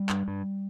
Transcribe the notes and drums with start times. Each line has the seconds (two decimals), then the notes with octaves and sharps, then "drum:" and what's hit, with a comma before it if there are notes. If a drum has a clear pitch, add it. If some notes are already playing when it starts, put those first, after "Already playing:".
Already playing: G3
0.10 G2, drum: clap
0.28 G2